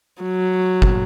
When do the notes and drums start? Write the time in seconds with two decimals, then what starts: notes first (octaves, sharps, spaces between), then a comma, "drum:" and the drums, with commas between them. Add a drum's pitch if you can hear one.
0.22 F#3
0.82 drum: kick